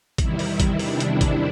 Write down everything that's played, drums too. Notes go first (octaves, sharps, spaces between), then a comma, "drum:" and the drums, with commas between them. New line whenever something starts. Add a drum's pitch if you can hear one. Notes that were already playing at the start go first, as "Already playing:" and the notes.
E2 C3 D#3 G3 E4, drum: kick A1, hi-hat
drum: open hi-hat
drum: kick A1, hi-hat
D4, drum: open hi-hat
drum: hi-hat
drum: kick A1, hi-hat